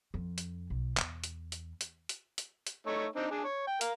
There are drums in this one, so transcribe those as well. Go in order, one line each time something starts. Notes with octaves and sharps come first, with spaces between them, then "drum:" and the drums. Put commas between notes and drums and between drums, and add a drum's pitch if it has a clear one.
F2
drum: hi-hat
B1
E2, drum: clap
drum: hi-hat
drum: hi-hat
drum: hi-hat
drum: hi-hat
drum: hi-hat
drum: hi-hat
A3 D#4 C#5
C4 D4 D#4
D4 G#4
C#5
G5
A#4 F5, drum: hi-hat